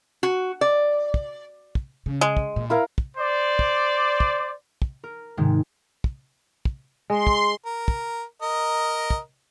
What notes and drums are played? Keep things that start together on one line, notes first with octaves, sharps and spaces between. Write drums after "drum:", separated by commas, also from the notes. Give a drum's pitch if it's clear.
F#4
D5
drum: kick
drum: kick
C#3
G#3
drum: kick
A#2
E4 A#4 F5
drum: kick
C5 D5
drum: kick
drum: kick
drum: kick
A#4
G#2 C3 D#3 G#3
drum: kick
drum: kick
G#3 C6
drum: kick
A#4
drum: kick
A#4 D#5
drum: kick